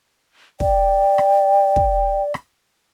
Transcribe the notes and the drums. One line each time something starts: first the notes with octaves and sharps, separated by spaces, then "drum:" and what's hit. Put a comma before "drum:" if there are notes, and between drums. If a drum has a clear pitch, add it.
D5 G5, drum: kick
drum: rim click
drum: kick
drum: rim click